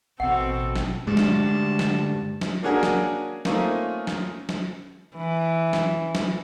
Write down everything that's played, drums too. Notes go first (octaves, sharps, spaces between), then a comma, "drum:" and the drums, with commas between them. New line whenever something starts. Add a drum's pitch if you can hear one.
A1 B2 C4 A4 F#5
drum: snare
D2 G2 G#3 A5
drum: snare
D2
drum: snare
drum: snare
A#3 C#4 D4 F#4 G#4 A#4
drum: snare
A3 A#3 C4 C#4 D#4 F4, drum: snare
drum: snare
drum: snare
E3
drum: snare
drum: snare